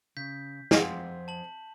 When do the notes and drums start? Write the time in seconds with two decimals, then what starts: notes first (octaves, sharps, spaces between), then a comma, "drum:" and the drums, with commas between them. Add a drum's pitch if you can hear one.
0.17 C#3 G6 B6
0.71 F2 C4 F4 G#4 C5 F#5, drum: snare
1.28 A5 F#7